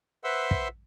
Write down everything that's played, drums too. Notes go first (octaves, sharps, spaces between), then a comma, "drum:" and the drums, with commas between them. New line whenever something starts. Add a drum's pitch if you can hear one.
B4 C5 E5 F#5 C6 E6
drum: kick